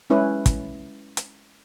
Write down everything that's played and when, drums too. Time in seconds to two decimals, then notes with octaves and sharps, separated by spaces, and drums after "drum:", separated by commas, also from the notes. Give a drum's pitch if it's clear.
0.10 G#3 C#4 E4 B4
0.46 drum: kick, hi-hat
1.17 drum: hi-hat